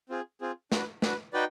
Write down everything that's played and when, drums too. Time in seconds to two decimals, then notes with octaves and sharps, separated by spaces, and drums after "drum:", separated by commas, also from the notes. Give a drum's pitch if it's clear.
0.09 C4 F4 G#4
0.41 C4 F4 G#4
0.72 D4 F#4 B4, drum: snare
1.02 D4 F#4 B4, drum: snare
1.33 D#4 F#4 B4 D5 G5